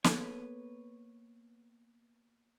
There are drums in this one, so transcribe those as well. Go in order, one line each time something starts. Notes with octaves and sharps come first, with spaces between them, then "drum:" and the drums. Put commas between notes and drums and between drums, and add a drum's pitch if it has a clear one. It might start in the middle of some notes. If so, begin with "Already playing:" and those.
A#3 B3 A4 B4 C#5, drum: snare